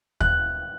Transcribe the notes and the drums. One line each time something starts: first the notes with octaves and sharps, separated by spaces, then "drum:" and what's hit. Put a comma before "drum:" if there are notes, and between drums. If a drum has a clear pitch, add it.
F#6, drum: kick